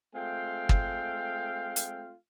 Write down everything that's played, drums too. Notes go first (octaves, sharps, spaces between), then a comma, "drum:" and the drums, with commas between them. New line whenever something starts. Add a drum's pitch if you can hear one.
G#3 A3 C4 F4 F5 G5
drum: kick
drum: hi-hat